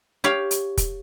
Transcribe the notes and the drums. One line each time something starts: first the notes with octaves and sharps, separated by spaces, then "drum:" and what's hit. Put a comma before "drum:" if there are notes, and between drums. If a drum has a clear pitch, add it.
G4 C#5 F5 G5
drum: hi-hat
drum: kick, hi-hat